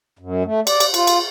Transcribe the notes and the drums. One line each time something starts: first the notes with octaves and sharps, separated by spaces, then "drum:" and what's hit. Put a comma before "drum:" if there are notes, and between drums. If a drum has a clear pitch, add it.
F#2
A3
D5, drum: cymbal
drum: cymbal
F4, drum: cymbal
drum: cymbal